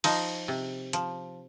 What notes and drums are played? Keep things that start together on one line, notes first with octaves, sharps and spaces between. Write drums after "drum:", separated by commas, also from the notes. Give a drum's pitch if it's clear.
F3 D#4, drum: cymbal
C3
F3, drum: hi-hat